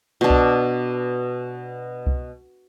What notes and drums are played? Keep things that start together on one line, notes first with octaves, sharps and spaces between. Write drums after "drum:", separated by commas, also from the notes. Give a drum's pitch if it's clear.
B2 D4
drum: kick C2
drum: kick C2